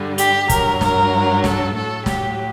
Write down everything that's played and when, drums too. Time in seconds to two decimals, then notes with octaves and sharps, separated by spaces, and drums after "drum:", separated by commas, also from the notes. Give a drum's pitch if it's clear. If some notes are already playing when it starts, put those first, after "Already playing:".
Already playing: G2 D3 G3
0.18 G4, drum: hi-hat
0.49 G2 F#3 A#4, drum: kick, hi-hat
0.81 A#4, drum: snare
1.44 A4, drum: snare
1.75 A2 F#3 A4
2.06 G4, drum: snare